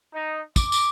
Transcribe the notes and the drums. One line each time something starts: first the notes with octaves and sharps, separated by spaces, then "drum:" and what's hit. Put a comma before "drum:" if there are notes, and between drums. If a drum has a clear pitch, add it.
D#4
D6, drum: kick, tambourine
drum: tambourine